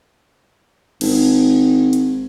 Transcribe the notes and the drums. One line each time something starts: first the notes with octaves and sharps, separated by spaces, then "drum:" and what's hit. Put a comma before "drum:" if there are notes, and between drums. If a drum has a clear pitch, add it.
G#1, drum: cymbal
drum: hi-hat